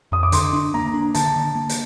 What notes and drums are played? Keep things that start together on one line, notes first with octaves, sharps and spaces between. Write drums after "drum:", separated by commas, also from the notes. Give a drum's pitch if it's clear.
F2 D#6
D6
D3 C6, drum: hi-hat
D4
A#3 A#5
D4
D3 A5, drum: hi-hat
D3
A#3
drum: hi-hat